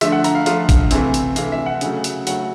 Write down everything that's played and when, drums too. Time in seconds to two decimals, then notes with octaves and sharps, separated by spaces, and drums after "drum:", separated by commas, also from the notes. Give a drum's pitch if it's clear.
0.01 D3 F3 A3 E5, drum: hi-hat
0.12 F#5
0.24 A#5, drum: hi-hat
0.35 F5
0.46 D3 F3 A3 F5, drum: hi-hat
0.69 drum: kick G#1, hi-hat
0.91 C3 E3 A3, drum: hi-hat
1.14 drum: hi-hat
1.36 C3 E3 A3 F5, drum: hi-hat
1.52 E5
1.66 F#5
1.81 C#3 F#3 A3, drum: hi-hat
2.04 drum: hi-hat
2.27 C#3 F#3 A3 F#5, drum: hi-hat